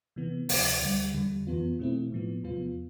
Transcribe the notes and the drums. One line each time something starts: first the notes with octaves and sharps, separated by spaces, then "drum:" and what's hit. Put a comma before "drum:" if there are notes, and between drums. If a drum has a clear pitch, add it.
C3 E3 B3
D2 C3 F3, drum: open hi-hat
D2 D3 G3
E2 D3 G3
F2 E3 B3 F4
B2 A3 C4 E4
A2 F3 B3
E2 C3 F3 B3 F4